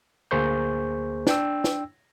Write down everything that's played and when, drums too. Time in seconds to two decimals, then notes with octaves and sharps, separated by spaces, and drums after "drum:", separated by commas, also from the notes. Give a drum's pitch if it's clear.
0.31 D2 A#3 G#4 C5 C#6 G6
1.27 D4 G5 E6, drum: snare
1.64 drum: snare